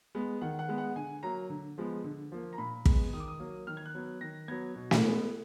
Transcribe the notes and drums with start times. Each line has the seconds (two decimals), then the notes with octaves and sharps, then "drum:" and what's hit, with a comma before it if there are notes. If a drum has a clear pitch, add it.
0.15 G#3 B3
0.41 D#3 F#5
0.59 F#5
0.69 G#3 B3
0.78 F#5
0.96 D3 G#5
1.23 F#3 A#3 A#5
1.50 D3
1.78 F3 G#3 B3
2.04 D3
2.32 F3 A#3
2.53 A#5
2.58 A#2 B5
2.85 G#3 B3, drum: kick
3.13 D#3 D#6
3.20 D6
3.28 D#6
3.40 F#3 A#3
3.67 D#3 F6
3.77 G#6
3.86 F#6
3.95 F#3 B3
4.21 D#3 A#6
4.48 F#3 B3 G#6
4.75 B2
4.91 drum: snare
5.02 G#3 B3